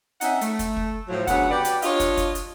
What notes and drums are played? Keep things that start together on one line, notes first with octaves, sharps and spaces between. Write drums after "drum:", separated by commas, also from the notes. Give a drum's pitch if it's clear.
C4 C#4 D#4 E5 F#5, drum: hi-hat
A3, drum: hi-hat
drum: kick, hi-hat
drum: kick
A2 F3 F#3
D2 C#3 F#3 B3 F#5, drum: kick, hi-hat
F#4 G4 B4 D5
drum: hi-hat
D4 F4 G4 C#5 D#5 F5, drum: hi-hat
drum: kick, hi-hat
drum: kick, hi-hat
drum: hi-hat